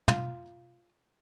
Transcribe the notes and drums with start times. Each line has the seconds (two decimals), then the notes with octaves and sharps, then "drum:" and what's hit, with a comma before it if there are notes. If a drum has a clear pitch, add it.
0.08 F4, drum: tom